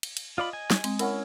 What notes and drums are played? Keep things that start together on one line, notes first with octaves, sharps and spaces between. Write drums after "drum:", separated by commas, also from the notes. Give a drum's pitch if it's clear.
drum: cymbal
drum: cymbal
F4 D5 D#5 B5
G#5
drum: snare
G#3 C4, drum: cymbal
C#4 E4 A#4 F#5, drum: cymbal